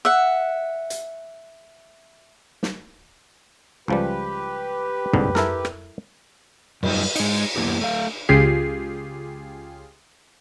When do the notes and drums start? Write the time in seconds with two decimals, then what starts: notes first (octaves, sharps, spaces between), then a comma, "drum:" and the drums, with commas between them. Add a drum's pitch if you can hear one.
0.05 E5 F#5
0.90 drum: hi-hat
2.63 drum: snare
3.88 C#2 F3 G3 G4 B4
5.13 C2 G#2 D3, drum: tom
5.35 E4 A4 A#4, drum: snare
5.65 drum: rim click
6.83 F#2 G3 D#4, drum: cymbal
7.16 G#3 D#4, drum: cymbal
7.56 F#2 D3 A#3 B3 E4 G4
7.81 A3 F5
8.29 C#2 C#3 F4 G4 G#4 C7